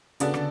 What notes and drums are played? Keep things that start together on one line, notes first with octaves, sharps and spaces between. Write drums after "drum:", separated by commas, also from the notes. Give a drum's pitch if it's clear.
C#3 B3 D4 F#4 A4 D5, drum: hi-hat
D3, drum: rim click